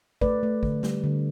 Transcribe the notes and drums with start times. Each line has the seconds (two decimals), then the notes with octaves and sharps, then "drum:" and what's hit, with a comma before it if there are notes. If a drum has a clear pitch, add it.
0.21 A3 B4 D5, drum: kick
0.43 A3
0.63 D3, drum: kick
0.83 G3, drum: snare
1.04 D3